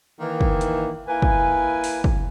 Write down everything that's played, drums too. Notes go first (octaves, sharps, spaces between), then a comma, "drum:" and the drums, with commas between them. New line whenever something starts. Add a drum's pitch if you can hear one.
D#3 E3 A#3
drum: kick
drum: hi-hat
A#3 E4 B4 G#5
drum: kick
drum: open hi-hat
drum: kick